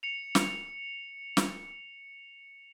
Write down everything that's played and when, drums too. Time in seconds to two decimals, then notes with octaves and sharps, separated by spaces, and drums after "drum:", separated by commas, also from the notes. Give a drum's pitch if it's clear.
0.03 C#7 F7
0.35 drum: snare
1.37 drum: snare